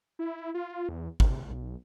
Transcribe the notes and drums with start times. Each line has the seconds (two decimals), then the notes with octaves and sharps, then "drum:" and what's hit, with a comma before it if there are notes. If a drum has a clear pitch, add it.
0.19 E4
0.54 F4
0.89 E2
1.20 C3, drum: kick
1.51 B1